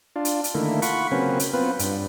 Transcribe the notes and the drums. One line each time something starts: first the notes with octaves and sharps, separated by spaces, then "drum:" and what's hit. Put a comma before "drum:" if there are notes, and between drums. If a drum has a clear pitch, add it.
D4 F4
drum: hi-hat
drum: hi-hat
D3 D#3 A3 A#3 E4
F4 F#5 B5 C#6, drum: hi-hat
C#3 F#3 A#3 C4 C#4 B4
drum: hi-hat
B3 C4 F4 B4
G2, drum: hi-hat